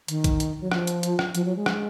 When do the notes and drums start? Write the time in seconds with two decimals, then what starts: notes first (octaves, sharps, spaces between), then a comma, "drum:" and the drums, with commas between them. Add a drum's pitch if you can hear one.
0.08 D#3, drum: hi-hat
0.24 drum: kick A1, hi-hat
0.40 drum: hi-hat
0.61 F#3
0.72 F3, drum: rim click
0.87 drum: hi-hat
1.03 drum: hi-hat
1.19 drum: rim click
1.35 F3, drum: hi-hat
1.45 F#3
1.56 G#3
1.66 drum: rim click